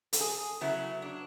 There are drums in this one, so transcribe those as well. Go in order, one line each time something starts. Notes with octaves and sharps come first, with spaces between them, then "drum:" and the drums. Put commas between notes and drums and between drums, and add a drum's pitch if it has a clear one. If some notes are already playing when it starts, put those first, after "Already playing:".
A4, drum: hi-hat
G#4
C#3 F#3 B3 E4
D4